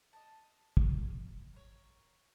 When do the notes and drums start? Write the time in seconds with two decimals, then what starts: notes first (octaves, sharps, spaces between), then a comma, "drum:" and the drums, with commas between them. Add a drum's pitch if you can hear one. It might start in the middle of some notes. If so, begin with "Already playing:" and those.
0.13 D#5 A5
0.77 drum: kick
1.53 A#4 C#5